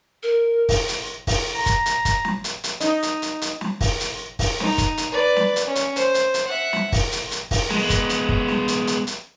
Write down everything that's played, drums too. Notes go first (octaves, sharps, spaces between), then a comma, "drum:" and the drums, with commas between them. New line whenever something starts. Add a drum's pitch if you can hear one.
A#4
drum: kick, open hi-hat
drum: hi-hat
drum: kick, open hi-hat
A#5
drum: kick, hi-hat
drum: hi-hat
drum: kick, hi-hat
drum: snare
drum: hi-hat
drum: hi-hat
D#4, drum: hi-hat
drum: hi-hat
drum: hi-hat
drum: hi-hat
drum: snare
drum: kick, open hi-hat
drum: hi-hat
drum: kick, open hi-hat
D#4, drum: snare
drum: kick, hi-hat
drum: hi-hat
B4 D5
drum: snare
drum: hi-hat
C#4
drum: hi-hat
C5, drum: hi-hat
drum: hi-hat
drum: hi-hat
E5 F#5
drum: snare
drum: kick, open hi-hat
drum: hi-hat
drum: hi-hat
drum: kick, open hi-hat
G#3 B3, drum: snare
drum: kick, hi-hat
drum: hi-hat
drum: kick
drum: snare
drum: hi-hat
drum: hi-hat
drum: hi-hat